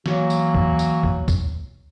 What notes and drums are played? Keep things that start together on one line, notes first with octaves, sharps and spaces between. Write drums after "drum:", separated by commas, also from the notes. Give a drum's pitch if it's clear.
E3 F#3 A#3 F#4, drum: snare
drum: tambourine
drum: kick
drum: tambourine
drum: kick
drum: kick, tambourine